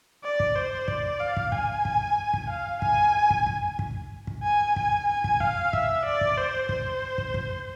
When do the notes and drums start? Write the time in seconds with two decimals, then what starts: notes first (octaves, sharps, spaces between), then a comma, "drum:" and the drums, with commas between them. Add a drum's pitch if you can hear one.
0.24 D5
0.40 drum: kick
0.56 C5
0.88 D5, drum: kick
1.20 F5
1.37 drum: kick
1.52 G#5, drum: kick
1.85 drum: kick
2.34 drum: kick
2.50 F5
2.82 G#5, drum: kick
3.30 drum: kick
3.47 drum: kick
3.79 drum: kick
4.27 drum: kick
4.43 G#5
4.76 G#5, drum: kick
5.08 G#5
5.24 drum: kick
5.40 F5, drum: kick
5.73 E5, drum: kick
6.05 D5
6.21 drum: kick
6.38 C5
6.69 C5, drum: kick
7.18 drum: kick
7.34 drum: kick